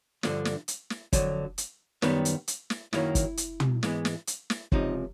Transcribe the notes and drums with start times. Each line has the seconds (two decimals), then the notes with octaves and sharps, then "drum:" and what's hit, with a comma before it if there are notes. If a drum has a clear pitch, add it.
0.23 G2 D3 F3, drum: snare
0.45 drum: snare
0.68 drum: hi-hat
0.90 drum: snare
1.13 F2 D3 F#3, drum: kick, hi-hat
1.58 drum: hi-hat
2.02 F#2 D#3 G3 B3, drum: snare
2.25 drum: hi-hat
2.48 drum: hi-hat
2.70 drum: snare
2.93 F#2 D#3 F#3 A#3 E4, drum: snare
3.15 drum: kick, hi-hat
3.37 drum: hi-hat
3.60 drum: tom
3.83 G#2 E3 G#3 B3, drum: snare
4.05 drum: snare
4.27 drum: hi-hat
4.50 drum: snare
4.72 C#2 C3 F3 D#4, drum: kick